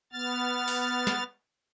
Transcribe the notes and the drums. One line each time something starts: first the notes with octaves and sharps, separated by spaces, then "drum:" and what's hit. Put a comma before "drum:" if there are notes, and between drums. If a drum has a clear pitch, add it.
B3 F6 A6
drum: open hi-hat
drum: snare